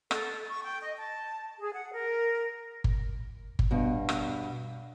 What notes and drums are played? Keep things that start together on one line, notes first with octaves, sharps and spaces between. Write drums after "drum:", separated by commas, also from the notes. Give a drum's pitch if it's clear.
A4, drum: rim click
C#6
G5
D#5
A5
G#4
F#5
A#4
drum: kick G1
drum: kick G1
G2 B2
drum: rim click